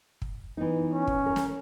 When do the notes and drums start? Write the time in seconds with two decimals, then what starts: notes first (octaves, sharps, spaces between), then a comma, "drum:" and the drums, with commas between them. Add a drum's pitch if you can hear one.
0.22 drum: kick
0.57 E3 B3 D#4
0.93 C#4
1.07 drum: kick
1.26 A#4
1.36 drum: snare